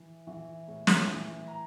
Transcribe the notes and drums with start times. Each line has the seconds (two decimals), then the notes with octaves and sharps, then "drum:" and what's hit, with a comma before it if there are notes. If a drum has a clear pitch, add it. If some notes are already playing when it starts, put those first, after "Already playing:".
Already playing: E3
0.27 E3
0.68 A2
0.87 drum: snare
1.06 E3
1.47 A#5